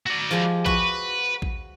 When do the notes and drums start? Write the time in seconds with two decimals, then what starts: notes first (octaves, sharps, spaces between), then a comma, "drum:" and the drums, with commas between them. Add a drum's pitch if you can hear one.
0.06 F#4 D5
0.31 F3 G#3 G4
0.66 F#4 B4, drum: kick A#1
1.42 drum: kick A#1